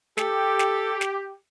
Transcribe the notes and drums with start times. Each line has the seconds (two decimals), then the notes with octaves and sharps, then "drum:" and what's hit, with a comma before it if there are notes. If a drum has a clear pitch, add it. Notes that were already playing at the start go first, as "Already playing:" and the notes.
0.18 G4 A4, drum: snare
0.59 drum: snare
1.01 drum: snare